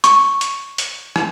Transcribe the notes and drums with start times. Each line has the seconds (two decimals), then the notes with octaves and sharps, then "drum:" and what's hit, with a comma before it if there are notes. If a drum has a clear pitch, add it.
0.04 C#6, drum: hi-hat
0.41 drum: hi-hat
0.78 drum: hi-hat
1.16 drum: rim click